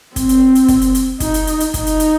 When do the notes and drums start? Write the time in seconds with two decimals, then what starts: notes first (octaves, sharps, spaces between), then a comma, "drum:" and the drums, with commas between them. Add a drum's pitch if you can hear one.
0.16 C4, drum: kick, hi-hat
0.29 drum: hi-hat
0.55 drum: hi-hat
0.68 drum: kick, hi-hat
0.81 drum: hi-hat
0.95 drum: hi-hat
1.20 D#4, drum: kick, hi-hat
1.34 drum: hi-hat
1.47 drum: hi-hat
1.60 drum: hi-hat
1.74 D#4, drum: kick, hi-hat
1.86 drum: hi-hat
2.00 drum: hi-hat